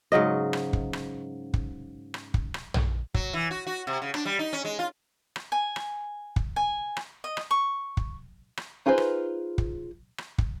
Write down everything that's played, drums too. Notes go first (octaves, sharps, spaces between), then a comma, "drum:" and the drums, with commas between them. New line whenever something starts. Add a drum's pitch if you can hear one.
G#2 C#3 F#3 D#5
drum: rim click
drum: kick
drum: rim click
drum: kick
drum: rim click
drum: kick
drum: rim click
drum: tom A#1
F#3, drum: kick
E3
F#4
F#4
C3
C#3
D4, drum: rim click
G3
D#4
C#4
G#3
F4
drum: rim click
G#5
drum: rim click
drum: kick
G#5
drum: rim click
D#5
drum: rim click
C#6
drum: kick
drum: rim click
D#4 F4 G#4 B4 C5
drum: rim click
drum: kick
drum: rim click
drum: kick